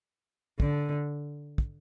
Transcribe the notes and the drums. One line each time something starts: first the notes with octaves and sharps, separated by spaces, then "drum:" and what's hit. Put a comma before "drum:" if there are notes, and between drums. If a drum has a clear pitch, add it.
D3, drum: kick
drum: kick